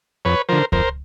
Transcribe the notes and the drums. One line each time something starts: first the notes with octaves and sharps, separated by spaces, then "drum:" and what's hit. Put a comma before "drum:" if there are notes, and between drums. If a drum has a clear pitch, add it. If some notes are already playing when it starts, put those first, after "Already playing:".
F2 B4 C#5
D3 F3 A#4 C5
F2 A#4 C5, drum: kick C#2